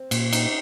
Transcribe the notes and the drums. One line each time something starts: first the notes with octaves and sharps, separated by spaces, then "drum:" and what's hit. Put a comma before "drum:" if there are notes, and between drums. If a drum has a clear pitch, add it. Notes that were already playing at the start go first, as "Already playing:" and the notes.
Already playing: C4
A#2, drum: cymbal
D#4, drum: cymbal